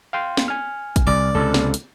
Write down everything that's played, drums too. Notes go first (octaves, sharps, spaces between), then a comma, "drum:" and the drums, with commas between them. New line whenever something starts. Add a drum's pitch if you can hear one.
F5 G5 C6
drum: snare
G#5 F6
drum: kick, hi-hat
C2 D5
C#2 C3 A4
drum: snare
drum: hi-hat